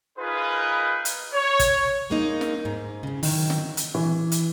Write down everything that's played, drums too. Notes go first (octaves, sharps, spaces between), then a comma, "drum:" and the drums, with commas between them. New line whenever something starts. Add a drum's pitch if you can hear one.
D#4 F4 G#4 A#4 B4
drum: hi-hat
C#5
drum: kick, hi-hat
G#3 A#3 D#4
drum: snare
G#2
A2 C#3
D#3 F#3, drum: open hi-hat
drum: snare
drum: hi-hat
E3
drum: hi-hat